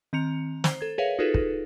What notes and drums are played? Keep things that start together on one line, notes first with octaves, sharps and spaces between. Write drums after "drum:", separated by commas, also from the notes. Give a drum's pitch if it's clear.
D#3 C4 A#5 C#7 F7
C5, drum: snare
A4 G#6
G#4 A#4 B4 C#5 E5 F5
D#4 F4 F#4 G#4 A4 B4
drum: kick